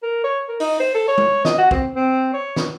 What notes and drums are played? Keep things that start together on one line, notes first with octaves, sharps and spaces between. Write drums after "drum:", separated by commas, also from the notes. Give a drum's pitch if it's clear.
A#4
C#5
A#4
D#4, drum: open hi-hat
C5
A4
C#5
drum: tom
D#5, drum: snare
F#4
C4, drum: kick
C4
C#5
drum: snare